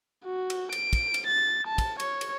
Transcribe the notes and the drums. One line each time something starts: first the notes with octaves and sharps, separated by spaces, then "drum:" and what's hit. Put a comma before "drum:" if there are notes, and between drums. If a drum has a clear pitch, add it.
F#4
drum: cymbal
D7, drum: cymbal
drum: kick, cymbal
drum: cymbal
A6
A5
drum: kick, cymbal
C#5, drum: cymbal
drum: cymbal